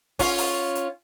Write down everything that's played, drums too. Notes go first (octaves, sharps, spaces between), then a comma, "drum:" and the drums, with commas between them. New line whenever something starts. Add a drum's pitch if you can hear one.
C#4 F4, drum: kick, open hi-hat
drum: open hi-hat
drum: hi-hat